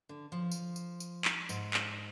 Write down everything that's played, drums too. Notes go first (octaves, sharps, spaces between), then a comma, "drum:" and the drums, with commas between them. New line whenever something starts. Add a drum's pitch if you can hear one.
D3
F3
drum: tambourine
drum: tambourine
drum: tambourine
drum: clap
G#2, drum: tambourine
drum: clap